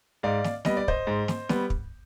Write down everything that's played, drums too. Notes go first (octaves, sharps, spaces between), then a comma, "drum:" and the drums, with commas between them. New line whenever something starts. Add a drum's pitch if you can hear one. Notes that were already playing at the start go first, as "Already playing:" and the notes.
G#2 D5 F5
drum: snare
G3 B3 D#5, drum: snare
D5
C5 D#5, drum: kick
G#2
drum: snare
G3 B3, drum: snare
drum: kick